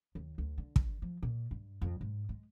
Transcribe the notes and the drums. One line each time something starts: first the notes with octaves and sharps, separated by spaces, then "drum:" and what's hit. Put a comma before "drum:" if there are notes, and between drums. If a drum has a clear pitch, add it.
D#2
D2
D3
drum: kick
F3
A#2
G2
F2
G#2
G#3